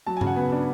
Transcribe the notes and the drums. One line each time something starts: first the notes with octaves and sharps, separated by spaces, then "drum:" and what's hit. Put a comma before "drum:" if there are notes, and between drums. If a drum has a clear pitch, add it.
F#3 A5
G#5
C#3, drum: tom G2
F#5
B3
D4